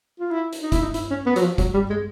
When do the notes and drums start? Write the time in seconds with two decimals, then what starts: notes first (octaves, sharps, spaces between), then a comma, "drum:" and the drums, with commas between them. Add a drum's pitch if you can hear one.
0.20 F4
0.31 E4
0.53 drum: hi-hat
0.63 D#4
0.72 E4, drum: kick, hi-hat
0.82 D#4
0.94 E4, drum: hi-hat
1.11 C#4
1.26 B3
1.36 F#3, drum: hi-hat
1.42 F3
1.58 F#3, drum: kick, hi-hat
1.74 G3
1.90 G#3